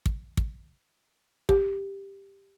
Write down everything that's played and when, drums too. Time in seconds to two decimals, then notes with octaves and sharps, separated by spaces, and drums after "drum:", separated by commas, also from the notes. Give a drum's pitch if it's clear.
0.06 drum: kick
0.37 drum: kick
1.49 G4, drum: kick